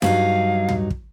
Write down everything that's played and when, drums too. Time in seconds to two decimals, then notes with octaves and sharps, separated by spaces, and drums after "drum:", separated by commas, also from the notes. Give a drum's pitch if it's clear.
0.02 G2 F#3 D#4 F5, drum: snare D4
0.69 drum: tom
0.90 drum: kick